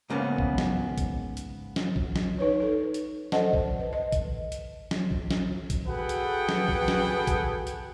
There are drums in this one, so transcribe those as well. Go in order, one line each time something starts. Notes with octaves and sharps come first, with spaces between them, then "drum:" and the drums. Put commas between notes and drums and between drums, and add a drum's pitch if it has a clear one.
G#2 C#3 A#3 B3 C#4
drum: kick A#1
drum: snare
drum: kick A#1, hi-hat
drum: hi-hat
drum: snare
drum: kick A#1
drum: snare
D#4 B4 C#5
D#4 A4
drum: hi-hat
A4 C5 D5 D#5 F#5 A5, drum: snare
drum: kick A#1
B4
D#5
drum: kick A#1, hi-hat
drum: hi-hat
drum: snare
drum: kick A#1
drum: snare
drum: kick A#1, hi-hat
F#4 G#4 A4 B4 F#5 G5
drum: hi-hat
drum: snare
drum: kick A#1
drum: snare
drum: kick A#1, hi-hat
drum: hi-hat